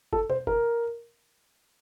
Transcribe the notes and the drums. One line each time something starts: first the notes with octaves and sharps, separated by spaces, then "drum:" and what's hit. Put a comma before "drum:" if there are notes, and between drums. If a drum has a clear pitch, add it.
A4, drum: kick F#1
C5, drum: tom B2
A#4, drum: kick F#1